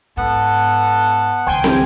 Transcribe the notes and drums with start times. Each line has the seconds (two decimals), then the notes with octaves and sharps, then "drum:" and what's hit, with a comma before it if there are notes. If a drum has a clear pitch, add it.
0.17 G#2 B3 A4 F#5
1.47 C#2 D#3 C5 G5 G#5
1.64 drum: snare